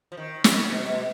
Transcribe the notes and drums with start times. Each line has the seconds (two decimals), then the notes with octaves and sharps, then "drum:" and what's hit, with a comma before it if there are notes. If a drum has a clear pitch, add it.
0.12 F3
0.17 D#3
0.44 C#3, drum: snare
0.70 B2
0.88 B2